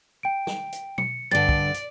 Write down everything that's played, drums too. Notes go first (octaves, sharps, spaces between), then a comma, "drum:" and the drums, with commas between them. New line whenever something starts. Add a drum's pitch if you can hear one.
G5 D7
drum: snare
drum: hi-hat
C#7, drum: tom B2
G2 D3 D5 A6
drum: kick
drum: hi-hat